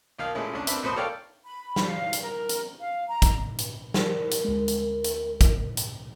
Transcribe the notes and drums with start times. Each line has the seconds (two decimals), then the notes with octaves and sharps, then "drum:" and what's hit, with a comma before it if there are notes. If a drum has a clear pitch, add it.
0.19 B1 D#3 F5
0.35 A#2 G#3 A3 C#4 E4
0.53 C2 C#4 D4
0.67 C4 D4 A#4 B4 E5, drum: hi-hat
0.83 B1 A2 B4 C5 D#6
0.96 A4 A#4 C#5 D5 F5 G5
1.45 B5
1.76 drum: snare
1.86 F5
2.13 drum: hi-hat
2.22 A#4
2.49 drum: hi-hat
2.80 F5
3.08 A#5
3.22 drum: kick, hi-hat
3.58 drum: hi-hat
3.94 A#4 C5, drum: snare
4.31 drum: hi-hat
4.45 D2 G#3
4.68 drum: hi-hat
5.04 drum: hi-hat
5.41 drum: kick, hi-hat
5.77 drum: hi-hat